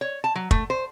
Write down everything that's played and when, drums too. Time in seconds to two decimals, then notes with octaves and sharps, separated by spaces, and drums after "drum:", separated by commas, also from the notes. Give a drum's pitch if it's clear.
0.01 C#5
0.24 A5
0.35 F#3
0.51 A3, drum: kick
0.70 C5